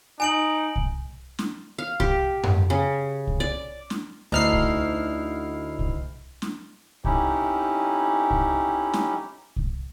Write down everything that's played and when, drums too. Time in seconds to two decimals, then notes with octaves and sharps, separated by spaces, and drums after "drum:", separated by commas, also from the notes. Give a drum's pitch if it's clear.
0.20 D#4 G#5 D7 F#7
0.76 drum: kick C2
1.39 drum: snare
1.78 F5
2.00 G4, drum: kick C2
2.43 drum: tom F#2
2.70 C#3
3.27 drum: kick C2
3.40 D5
3.90 drum: snare
4.32 D2 D#4 E4 F6 C7
4.53 drum: kick C2
5.79 drum: kick C2
6.42 drum: snare
7.04 F2 C#4 D#4 E4 G4, drum: kick C2
8.31 drum: kick C2
8.94 drum: snare
9.56 drum: kick C2